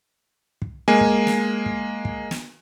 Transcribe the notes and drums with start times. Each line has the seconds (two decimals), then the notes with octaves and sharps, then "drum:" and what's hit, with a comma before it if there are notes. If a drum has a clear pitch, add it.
0.62 drum: kick
0.88 G#3 A#3 G#5
1.01 drum: kick
1.27 drum: snare
1.66 drum: kick
2.05 drum: kick
2.31 drum: snare